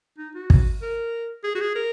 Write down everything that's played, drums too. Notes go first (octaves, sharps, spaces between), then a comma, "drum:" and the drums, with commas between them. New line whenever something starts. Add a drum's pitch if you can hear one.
D#4
F#4
drum: kick
A#4
G#4
F#4
G#4
A#4